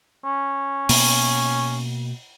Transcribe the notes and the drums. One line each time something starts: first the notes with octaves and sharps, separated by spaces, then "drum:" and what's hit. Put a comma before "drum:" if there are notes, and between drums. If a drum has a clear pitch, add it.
C#4
B2 A#3, drum: open hi-hat